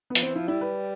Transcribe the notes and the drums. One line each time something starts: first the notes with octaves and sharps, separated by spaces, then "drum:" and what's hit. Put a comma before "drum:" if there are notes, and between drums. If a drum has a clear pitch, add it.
B3
F3, drum: hi-hat
E3 C4
F3 E4
G3 E4
B4